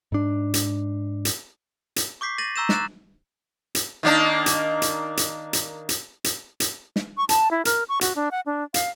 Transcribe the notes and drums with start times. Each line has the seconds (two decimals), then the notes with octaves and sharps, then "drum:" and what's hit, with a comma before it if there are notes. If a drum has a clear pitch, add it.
0.12 G#2 D4
0.54 drum: hi-hat
1.25 drum: hi-hat
1.96 drum: hi-hat
2.21 C#6 D6 G6 B6 C7
2.38 A6 A#6 D#7 F#7
2.56 A#5 C#6 E6 G6 A#6 E7
2.69 A#5 D6 F#6 A6 E7, drum: snare
3.75 drum: hi-hat
4.03 D#3 A#3 D4
4.46 drum: hi-hat
4.82 drum: hi-hat
5.17 drum: hi-hat
5.53 drum: hi-hat
5.89 drum: hi-hat
6.24 drum: hi-hat
6.60 drum: hi-hat
6.96 drum: snare
7.17 C#6
7.29 A5, drum: hi-hat
7.51 E4
7.65 A#4, drum: hi-hat
7.89 C#6
8.01 F#4, drum: hi-hat
8.16 D4
8.31 F#5
8.46 D4
8.74 F5, drum: hi-hat